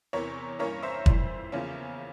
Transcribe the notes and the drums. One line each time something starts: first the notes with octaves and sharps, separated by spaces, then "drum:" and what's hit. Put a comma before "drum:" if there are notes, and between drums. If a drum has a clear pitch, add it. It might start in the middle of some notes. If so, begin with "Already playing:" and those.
E2 C3 E3 A#4 C#5
G2 E3 A#3 C#4 A#4 C#5
C5 E5
F2 E3 G3, drum: kick
E2 C#3 F3 A#3 C#4